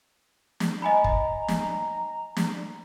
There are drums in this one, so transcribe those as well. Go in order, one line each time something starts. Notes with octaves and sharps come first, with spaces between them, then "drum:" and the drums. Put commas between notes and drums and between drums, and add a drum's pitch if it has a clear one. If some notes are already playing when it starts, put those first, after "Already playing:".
drum: snare
D#5 G#5 A#5 B5
drum: kick
drum: snare
drum: snare